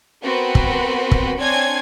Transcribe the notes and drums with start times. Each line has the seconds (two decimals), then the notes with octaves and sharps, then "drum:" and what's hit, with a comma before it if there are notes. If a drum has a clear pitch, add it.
0.23 B3 C4 F#4 A#4 B4
0.55 drum: kick
1.11 drum: kick
1.40 C4 D4 C#5 G#5 G#6